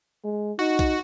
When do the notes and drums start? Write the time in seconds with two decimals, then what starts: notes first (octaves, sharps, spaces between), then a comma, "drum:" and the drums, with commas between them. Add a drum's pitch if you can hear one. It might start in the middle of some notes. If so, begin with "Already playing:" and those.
0.24 G#3
0.59 D#4 F#4
0.79 drum: kick B1, hi-hat